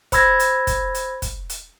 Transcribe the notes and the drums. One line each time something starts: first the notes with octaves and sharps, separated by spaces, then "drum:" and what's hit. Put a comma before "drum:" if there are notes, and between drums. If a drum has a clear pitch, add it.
C5 B5 E6 G#6 A#6, drum: kick, hi-hat
drum: hi-hat
drum: kick, hi-hat
drum: hi-hat
drum: kick, hi-hat
drum: hi-hat